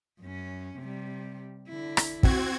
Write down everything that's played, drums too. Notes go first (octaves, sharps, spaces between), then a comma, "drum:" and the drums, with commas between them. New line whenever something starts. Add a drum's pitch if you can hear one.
F#2 C#4
C3 G3
D3 E4
drum: rim click
C4 F#4 G#6, drum: kick